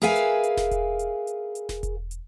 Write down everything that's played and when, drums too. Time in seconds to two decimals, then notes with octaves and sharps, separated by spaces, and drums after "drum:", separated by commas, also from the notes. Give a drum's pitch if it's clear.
0.02 G#4 A#4 B4 E5 F5 G#5
0.16 drum: hi-hat
0.43 drum: hi-hat
0.57 drum: snare E1
0.71 drum: kick E1, hi-hat
0.99 drum: hi-hat
1.27 drum: hi-hat
1.55 drum: hi-hat
1.69 drum: snare E1
1.83 drum: kick E1, hi-hat
2.11 drum: hi-hat